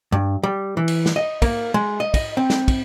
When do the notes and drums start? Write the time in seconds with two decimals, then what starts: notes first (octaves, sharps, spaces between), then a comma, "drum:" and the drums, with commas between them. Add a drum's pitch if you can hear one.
0.12 G2
0.43 G3
0.77 E3
0.88 drum: cymbal
1.06 drum: snare
1.16 D#5
1.42 A#3, drum: kick, cymbal
1.74 G#3
2.00 D#5
2.14 D#5, drum: kick, cymbal
2.37 C4
2.50 drum: snare
2.68 drum: kick, cymbal